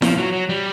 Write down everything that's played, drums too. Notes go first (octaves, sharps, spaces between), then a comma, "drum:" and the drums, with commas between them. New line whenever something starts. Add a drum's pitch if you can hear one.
F3, drum: snare E4
F#3
F#3
G3